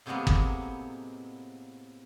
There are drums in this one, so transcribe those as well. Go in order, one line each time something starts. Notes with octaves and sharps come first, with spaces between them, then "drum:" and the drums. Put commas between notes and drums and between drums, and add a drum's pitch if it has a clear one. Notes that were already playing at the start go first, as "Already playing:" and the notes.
A2 C3 F#3 G#3 A#3 B3
drum: kick G1